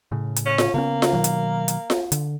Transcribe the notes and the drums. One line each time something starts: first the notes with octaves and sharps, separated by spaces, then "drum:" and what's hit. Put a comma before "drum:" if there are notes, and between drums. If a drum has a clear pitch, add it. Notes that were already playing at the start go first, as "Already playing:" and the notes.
A2 C#3
drum: hi-hat
C#4
drum: snare F4
C#3 A#3 B3 C#4
drum: snare F4
B2 D#3 F#3
drum: hi-hat
drum: hi-hat
drum: snare F4
D3, drum: hi-hat